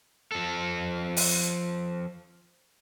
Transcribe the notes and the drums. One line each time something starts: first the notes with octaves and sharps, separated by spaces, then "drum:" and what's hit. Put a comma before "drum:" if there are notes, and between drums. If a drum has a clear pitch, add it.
F3 A4
drum: open hi-hat